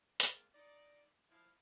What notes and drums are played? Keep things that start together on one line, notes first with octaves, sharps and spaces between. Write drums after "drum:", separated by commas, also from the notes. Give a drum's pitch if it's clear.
G#3 A#3 C4 F4, drum: hi-hat
D#4 D5
F3 E4 F5